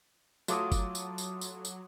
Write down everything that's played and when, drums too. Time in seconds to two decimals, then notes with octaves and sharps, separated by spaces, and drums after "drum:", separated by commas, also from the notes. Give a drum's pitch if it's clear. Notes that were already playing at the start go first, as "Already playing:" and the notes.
0.48 F#3 A3 F4 C6 D6 D#6, drum: tambourine
0.72 drum: kick F#1, tambourine
0.95 drum: tambourine
1.18 drum: tambourine
1.41 drum: tambourine
1.65 drum: tambourine